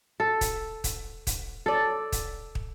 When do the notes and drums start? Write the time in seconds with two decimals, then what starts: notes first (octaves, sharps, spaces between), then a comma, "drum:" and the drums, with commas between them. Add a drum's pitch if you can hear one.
0.20 A4
0.41 drum: kick, hi-hat
0.84 drum: kick, hi-hat
1.27 drum: kick, hi-hat
1.66 A4 D5
2.12 drum: kick, hi-hat
2.55 drum: kick